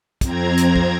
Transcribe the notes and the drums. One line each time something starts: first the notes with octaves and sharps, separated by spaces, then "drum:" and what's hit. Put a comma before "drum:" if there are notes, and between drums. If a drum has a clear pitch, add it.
F2 C4 A#5 G#6, drum: kick, hi-hat
drum: hi-hat
drum: kick